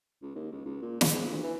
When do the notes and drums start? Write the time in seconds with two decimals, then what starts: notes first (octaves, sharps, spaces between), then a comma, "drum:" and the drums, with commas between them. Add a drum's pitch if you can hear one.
0.23 C#2
0.35 D#2
0.52 C#2
0.66 C#2
0.82 A#2
1.01 C#3, drum: snare
1.14 G#2
1.30 D2
1.43 E3